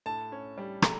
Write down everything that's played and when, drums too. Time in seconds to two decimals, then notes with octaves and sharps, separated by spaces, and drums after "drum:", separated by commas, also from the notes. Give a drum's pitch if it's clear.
0.06 A2 A5
0.32 C#4
0.58 G3
0.82 A3 A#5, drum: rim click